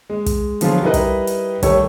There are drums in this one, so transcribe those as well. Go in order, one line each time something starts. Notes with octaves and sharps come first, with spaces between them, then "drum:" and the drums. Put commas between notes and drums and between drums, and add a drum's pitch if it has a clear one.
G#3
drum: kick, hi-hat
D3 F3 F#3 B3 F4 G#4, drum: hi-hat
G3 D#4 E4 A#4 B4 D#5
drum: kick, hi-hat
drum: hi-hat
D#3 G3 A3 C#5 E6, drum: kick, hi-hat